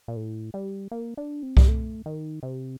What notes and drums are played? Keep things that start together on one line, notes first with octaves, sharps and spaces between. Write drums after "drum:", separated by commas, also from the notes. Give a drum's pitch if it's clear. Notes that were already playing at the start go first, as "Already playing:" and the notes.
A#2
A2
G3
A#3
D4
C4
G3, drum: kick C2
A3
D#3
C3